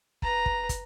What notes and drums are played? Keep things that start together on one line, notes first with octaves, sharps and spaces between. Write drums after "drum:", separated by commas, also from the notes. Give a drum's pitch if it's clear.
B4 A#5, drum: kick
drum: kick
drum: kick, hi-hat